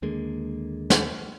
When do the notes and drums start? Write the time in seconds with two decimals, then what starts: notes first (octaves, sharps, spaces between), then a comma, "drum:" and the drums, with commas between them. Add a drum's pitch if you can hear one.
0.02 D#2 D3 G#3 A#3
0.90 drum: snare